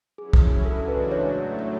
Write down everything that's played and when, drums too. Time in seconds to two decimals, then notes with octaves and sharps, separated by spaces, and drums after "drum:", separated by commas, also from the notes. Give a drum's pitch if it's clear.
0.18 F#3 C#4 E4 G#4
0.33 drum: kick
0.65 C#3 E3 G#3 D4 F#4 A4
0.88 B4
1.11 A2 F#3 A3 C#5
1.59 C#5